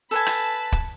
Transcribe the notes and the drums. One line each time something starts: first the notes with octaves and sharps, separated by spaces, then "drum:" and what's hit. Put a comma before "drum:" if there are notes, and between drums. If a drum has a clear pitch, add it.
A4 B4 G#5 A5 B5
drum: rim click
drum: kick